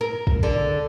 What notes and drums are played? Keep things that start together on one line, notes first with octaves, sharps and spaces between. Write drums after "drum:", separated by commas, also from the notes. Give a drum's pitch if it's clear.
A#4
drum: kick
D3